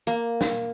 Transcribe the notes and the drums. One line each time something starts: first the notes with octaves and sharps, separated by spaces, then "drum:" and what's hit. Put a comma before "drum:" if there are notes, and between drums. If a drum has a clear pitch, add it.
A#3
drum: snare